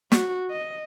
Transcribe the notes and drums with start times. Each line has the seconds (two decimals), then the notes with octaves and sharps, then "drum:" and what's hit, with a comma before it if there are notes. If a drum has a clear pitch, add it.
0.12 F#4, drum: snare
0.50 D#5